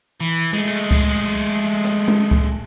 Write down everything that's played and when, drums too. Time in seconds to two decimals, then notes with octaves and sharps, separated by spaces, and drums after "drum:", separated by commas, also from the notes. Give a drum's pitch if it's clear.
0.21 E3
0.53 G#3 A3
0.91 drum: kick C#2
1.84 drum: rim click
2.08 drum: tom G#3
2.31 drum: kick C#2